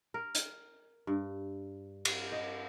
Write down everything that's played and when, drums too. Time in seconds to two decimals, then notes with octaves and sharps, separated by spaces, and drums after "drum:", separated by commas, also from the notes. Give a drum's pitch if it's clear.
0.14 A#4
0.35 drum: hi-hat
1.07 G2
2.05 drum: cymbal
2.32 D#5